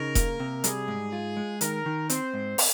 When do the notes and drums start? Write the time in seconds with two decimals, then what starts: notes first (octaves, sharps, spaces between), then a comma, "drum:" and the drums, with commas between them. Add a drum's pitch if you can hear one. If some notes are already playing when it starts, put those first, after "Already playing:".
Already playing: C#3 D#4 A#4
0.15 A#3, drum: kick E1, hi-hat
0.40 C3
0.64 G3 G#4, drum: hi-hat
0.88 G#2
1.12 F4
1.37 G#3
1.61 D#3 A#4, drum: hi-hat
1.86 D#3
2.09 C4 C5, drum: hi-hat
2.34 G#2
2.58 drum: open hi-hat